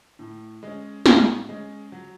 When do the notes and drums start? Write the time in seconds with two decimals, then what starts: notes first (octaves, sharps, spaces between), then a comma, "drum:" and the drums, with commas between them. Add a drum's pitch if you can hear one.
0.19 A2
0.63 G#3 C#4
1.06 A2, drum: snare
1.49 G#3 C#4
1.92 F#3